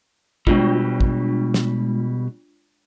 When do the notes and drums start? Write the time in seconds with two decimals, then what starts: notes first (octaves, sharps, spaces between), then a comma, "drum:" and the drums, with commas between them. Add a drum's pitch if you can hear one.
0.47 B2 G3 G#3 D4 F4, drum: kick
1.01 drum: kick
1.54 drum: snare